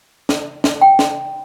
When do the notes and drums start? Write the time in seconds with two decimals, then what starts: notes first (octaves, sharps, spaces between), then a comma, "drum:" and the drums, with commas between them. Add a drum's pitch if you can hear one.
0.29 drum: snare
0.64 drum: snare
0.81 G5
0.99 drum: snare